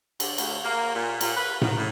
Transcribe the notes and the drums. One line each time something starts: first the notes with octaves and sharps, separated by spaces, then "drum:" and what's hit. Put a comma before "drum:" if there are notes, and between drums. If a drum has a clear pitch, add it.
D3, drum: cymbal
D2, drum: cymbal
A#3
A#2
A#2, drum: cymbal
B4
D#3, drum: tom A2
A2